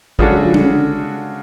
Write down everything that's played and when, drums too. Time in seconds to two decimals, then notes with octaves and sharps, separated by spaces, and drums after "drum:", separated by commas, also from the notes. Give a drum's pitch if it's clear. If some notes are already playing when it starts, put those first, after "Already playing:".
0.19 C#3 F3 G#3 D4 F#4 A4, drum: kick G#1
0.31 F#3
0.45 F3
0.54 D3, drum: tom G3
0.63 C#3
0.72 D3